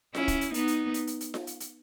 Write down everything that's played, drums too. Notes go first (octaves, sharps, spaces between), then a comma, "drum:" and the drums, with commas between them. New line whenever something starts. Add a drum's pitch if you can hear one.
C#4 E4, drum: snare F4
drum: kick, hi-hat
drum: hi-hat
B3 D#4, drum: hi-hat
drum: hi-hat
drum: hi-hat
drum: hi-hat
drum: hi-hat
drum: snare F4
drum: hi-hat
drum: hi-hat